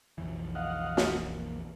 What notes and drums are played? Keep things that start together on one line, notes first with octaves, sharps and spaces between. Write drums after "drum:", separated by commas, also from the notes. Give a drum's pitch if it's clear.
B1 F2 E3
D#5 F5 F#5
drum: snare
A#3